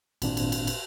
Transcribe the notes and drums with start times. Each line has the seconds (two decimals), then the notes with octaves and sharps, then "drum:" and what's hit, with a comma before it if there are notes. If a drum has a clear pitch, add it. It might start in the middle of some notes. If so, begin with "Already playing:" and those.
0.22 G#1 A#2 C4 D4, drum: cymbal
0.37 drum: cymbal
0.52 drum: cymbal
0.67 drum: cymbal